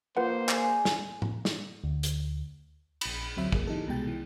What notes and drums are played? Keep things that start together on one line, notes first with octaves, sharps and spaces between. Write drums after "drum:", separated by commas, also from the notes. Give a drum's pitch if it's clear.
A#3 F4 B4 C5 F#5
G#4 D5, drum: clap
drum: snare
drum: tom A2
drum: snare
D2
drum: hi-hat
A#1 B5, drum: cymbal
D2 F#3 C4 E5 B5
A#3 G#4, drum: kick
E3 D#4 G4 A4
C2 B2 G#3 G5 A6
E3